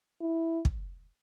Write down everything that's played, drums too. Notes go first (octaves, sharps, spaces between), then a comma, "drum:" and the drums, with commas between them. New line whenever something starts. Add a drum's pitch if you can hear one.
E4
drum: kick